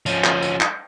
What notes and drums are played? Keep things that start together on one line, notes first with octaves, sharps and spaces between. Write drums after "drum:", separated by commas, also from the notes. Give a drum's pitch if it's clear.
F3 C#4, drum: tambourine
drum: clap
drum: tambourine
drum: clap